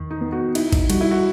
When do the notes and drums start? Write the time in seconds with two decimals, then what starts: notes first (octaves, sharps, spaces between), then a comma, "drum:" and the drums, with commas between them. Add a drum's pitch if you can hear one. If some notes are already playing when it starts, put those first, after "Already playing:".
Already playing: E2 D#3
0.10 D#4
0.21 B3
0.32 F#4
0.55 D#4 E4, drum: cymbal
0.73 drum: kick, cymbal
0.90 G3 F#4, drum: cymbal
1.01 E4
1.11 F#4